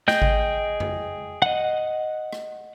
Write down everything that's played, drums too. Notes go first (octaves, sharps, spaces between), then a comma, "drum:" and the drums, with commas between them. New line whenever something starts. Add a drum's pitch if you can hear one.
G#4 D#5 G5 G6, drum: snare A3
drum: kick G#1
drum: tom F2
D#5 F#5
drum: rim click